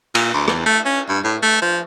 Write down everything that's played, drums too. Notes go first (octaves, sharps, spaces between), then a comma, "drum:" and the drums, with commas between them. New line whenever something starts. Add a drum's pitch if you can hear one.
A#2, drum: cymbal
D2
E2, drum: rim click
A3
C#4
G2
A2
A3
F3